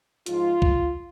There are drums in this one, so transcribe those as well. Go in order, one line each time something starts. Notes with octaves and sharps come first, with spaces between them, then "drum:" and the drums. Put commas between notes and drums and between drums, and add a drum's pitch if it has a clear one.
G#2 F3 F4, drum: hi-hat
drum: kick